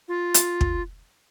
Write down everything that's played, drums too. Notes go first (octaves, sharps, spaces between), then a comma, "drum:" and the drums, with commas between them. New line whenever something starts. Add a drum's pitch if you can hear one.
F4
drum: hi-hat
drum: kick